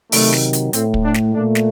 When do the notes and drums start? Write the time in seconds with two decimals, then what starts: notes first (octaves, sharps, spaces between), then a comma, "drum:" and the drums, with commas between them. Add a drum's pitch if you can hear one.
0.12 C3 D#3 F#3 A3, drum: open hi-hat
0.33 drum: snare
0.53 drum: hi-hat
0.73 A2 A3 C4, drum: hi-hat
0.94 drum: kick
1.05 D4
1.14 drum: snare
1.34 A#2 A3 D4
1.55 drum: snare